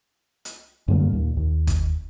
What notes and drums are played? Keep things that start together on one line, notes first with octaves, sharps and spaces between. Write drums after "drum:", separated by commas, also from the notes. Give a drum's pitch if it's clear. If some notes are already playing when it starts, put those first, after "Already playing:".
drum: hi-hat
F#2 D3 G3 A#3
D#2 A#2
D#2
drum: kick, hi-hat